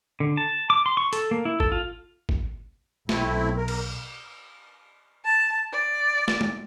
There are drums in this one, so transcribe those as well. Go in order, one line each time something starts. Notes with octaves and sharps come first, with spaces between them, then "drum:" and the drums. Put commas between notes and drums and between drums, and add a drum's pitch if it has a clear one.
D3
A5
D6
C6
C#6
A4, drum: hi-hat
A#3
E4
A4, drum: kick
F4
drum: kick
B1 A3 C4 E4, drum: snare
A#4
drum: cymbal
A5
D5
drum: snare
drum: tom G#3